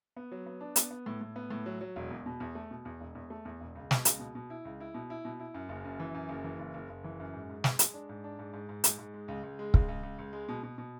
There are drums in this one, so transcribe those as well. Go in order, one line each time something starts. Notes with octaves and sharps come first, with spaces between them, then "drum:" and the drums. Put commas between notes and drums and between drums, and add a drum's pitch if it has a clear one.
B3
F#3
B3
D4
B3, drum: hi-hat
B3
A2
A2
B3
A2
F#3
F#3
E1
E2
B2
E2
A3
B2
E2
E1
E2
A3
E2
E1
C#2
B2, drum: snare
C#2, drum: hi-hat
B2
B2
E4
C#2
E4
B2
E4
B2
E4
F#2
F#1
F#2
E3
F#2
F#1
E3
F#1
F#1
F#1
E3
F#2
G#2
G#2
G#3, drum: snare
G#3, drum: hi-hat
D4
G#2
D4
G#2
G#2
G#2
G#2, drum: hi-hat
G#2
G#3
C#2
C#2
G#3
C#2, drum: kick
C#2
C#2
C#2
G#3
B2
B2
B2